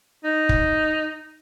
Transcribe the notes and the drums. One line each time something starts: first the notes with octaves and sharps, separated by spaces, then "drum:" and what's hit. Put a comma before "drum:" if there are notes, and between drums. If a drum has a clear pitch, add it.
D#4
drum: kick